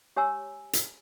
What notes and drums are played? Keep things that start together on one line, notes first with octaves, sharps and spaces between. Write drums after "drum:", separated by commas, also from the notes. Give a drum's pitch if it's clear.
G4 C#5 G#5 A#5 E6
drum: hi-hat